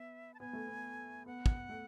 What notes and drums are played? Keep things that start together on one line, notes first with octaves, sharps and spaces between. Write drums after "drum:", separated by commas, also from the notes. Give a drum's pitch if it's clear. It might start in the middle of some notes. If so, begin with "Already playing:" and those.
Already playing: B3 E5
A5
B3 G#5
A3
B3
B3 F#5
drum: kick
A3